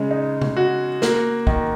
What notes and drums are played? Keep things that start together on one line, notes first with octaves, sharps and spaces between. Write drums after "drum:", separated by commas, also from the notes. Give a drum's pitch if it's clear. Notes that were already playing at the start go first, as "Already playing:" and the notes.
Already playing: C#3 G#3
D#4
drum: tom
F#4
A#3, drum: snare
D#3, drum: kick